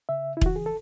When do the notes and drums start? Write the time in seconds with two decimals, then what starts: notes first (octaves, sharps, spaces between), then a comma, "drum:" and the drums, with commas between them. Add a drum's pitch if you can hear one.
0.09 C#3 E5
0.37 E4
0.41 E3 F#4, drum: kick E1
0.56 G#4
0.66 A4